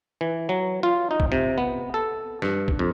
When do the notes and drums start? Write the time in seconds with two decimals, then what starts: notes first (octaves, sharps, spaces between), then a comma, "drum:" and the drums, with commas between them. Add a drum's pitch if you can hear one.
0.21 E3
0.49 F#3
0.83 F4
1.11 D#4
1.20 drum: kick
1.32 C3
1.58 B3
1.94 A4
2.42 G2, drum: snare
2.68 drum: kick
2.79 F2